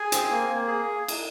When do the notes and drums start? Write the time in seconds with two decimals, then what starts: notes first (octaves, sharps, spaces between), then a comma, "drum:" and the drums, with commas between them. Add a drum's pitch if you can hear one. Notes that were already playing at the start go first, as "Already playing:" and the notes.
Already playing: G#4 G#5
0.12 C4, drum: hi-hat
0.30 A#3
0.49 A#3
0.67 G#4
1.08 drum: cymbal